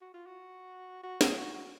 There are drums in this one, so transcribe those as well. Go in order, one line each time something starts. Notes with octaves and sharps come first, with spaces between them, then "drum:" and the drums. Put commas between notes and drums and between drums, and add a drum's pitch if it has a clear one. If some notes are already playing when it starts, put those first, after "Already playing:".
F#4
F4
F#4
F#4
G#4, drum: snare
F#4
F#4